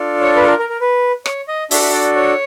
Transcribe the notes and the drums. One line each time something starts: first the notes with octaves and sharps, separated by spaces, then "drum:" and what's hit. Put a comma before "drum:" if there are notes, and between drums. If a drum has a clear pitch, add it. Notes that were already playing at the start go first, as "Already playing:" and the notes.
Already playing: D4 F4 A4
C#5
B4
A4
A#4
A#4
A#4
B4
C#5, drum: rim click
D#5
D4 F#4 A4 E5, drum: open hi-hat
E5
D5
C#5